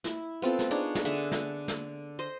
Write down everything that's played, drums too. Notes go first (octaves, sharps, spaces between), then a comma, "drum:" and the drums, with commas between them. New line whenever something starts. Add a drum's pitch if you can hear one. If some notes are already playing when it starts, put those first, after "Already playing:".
E4, drum: snare
B3 C4 F4 A4
drum: snare
D4 D#4 G#4 C#5
drum: snare
D3 G#4 E5 F#5
drum: snare
drum: snare
C5 D#5